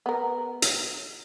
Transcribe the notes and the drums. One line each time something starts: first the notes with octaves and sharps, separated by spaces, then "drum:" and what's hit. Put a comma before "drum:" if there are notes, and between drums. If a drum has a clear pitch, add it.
B3 A#4
drum: hi-hat